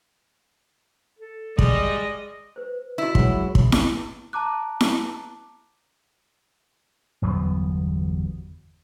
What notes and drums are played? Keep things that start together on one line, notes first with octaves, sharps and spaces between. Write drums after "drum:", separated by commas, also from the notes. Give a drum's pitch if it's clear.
A4
G3 G#3 D5 D#5, drum: kick
B4 C5
E4 F#4 D#5 B5
F#3 G#3, drum: kick
drum: kick
drum: snare E4
A5 A#5 D6 F#6
drum: snare E4
G1 E2 F#3 B3